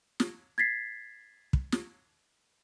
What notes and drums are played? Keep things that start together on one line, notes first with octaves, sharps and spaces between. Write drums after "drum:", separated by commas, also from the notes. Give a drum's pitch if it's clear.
drum: snare
G#6 A6 B6 C7
drum: kick
drum: snare